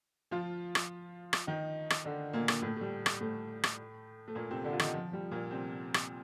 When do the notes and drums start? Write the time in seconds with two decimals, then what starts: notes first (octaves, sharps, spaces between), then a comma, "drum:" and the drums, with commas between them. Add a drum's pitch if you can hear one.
0.31 F3 F4
0.75 drum: rim click
1.33 drum: rim click
1.47 D#3 D#4
1.90 drum: rim click
2.05 D3 D4
2.33 A#2 A#3
2.48 drum: rim click
2.62 A2 A3
2.76 A3
2.81 G3
3.06 drum: rim click
3.21 A2 A3
3.63 drum: rim click
4.28 A3
4.35 A#2 A#3
4.51 C3 C4
4.64 D3 D4
4.73 F4
4.79 D#3 D#4, drum: rim click
4.94 F3
5.13 G3
5.31 A#2 A#3
5.51 C3 C4
5.94 drum: rim click